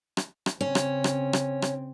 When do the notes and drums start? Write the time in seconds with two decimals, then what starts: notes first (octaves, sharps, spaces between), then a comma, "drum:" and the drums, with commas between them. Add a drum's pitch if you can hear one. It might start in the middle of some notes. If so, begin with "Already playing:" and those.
0.17 drum: rim click
0.46 drum: rim click
0.61 C#3 C4 C#4
0.75 drum: rim click
1.04 drum: rim click
1.33 drum: rim click
1.62 drum: rim click